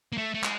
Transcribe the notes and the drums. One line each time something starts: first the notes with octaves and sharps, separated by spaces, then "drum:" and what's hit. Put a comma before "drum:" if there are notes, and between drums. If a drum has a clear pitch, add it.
A#3
A3
A3
G#3, drum: clap